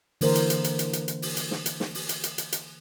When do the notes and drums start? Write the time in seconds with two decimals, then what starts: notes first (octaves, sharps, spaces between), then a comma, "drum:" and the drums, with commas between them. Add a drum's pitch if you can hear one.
0.21 D3 E3 A#3 A#4 C5, drum: open hi-hat
0.35 drum: hi-hat
0.50 drum: hi-hat
0.64 drum: hi-hat
0.79 drum: hi-hat
0.93 drum: hi-hat
1.08 drum: hi-hat
1.22 drum: open hi-hat
1.37 drum: hi-hat
1.51 drum: snare
1.66 drum: hi-hat
1.80 drum: snare
1.95 drum: open hi-hat
2.09 drum: hi-hat
2.24 drum: hi-hat
2.38 drum: hi-hat
2.52 drum: hi-hat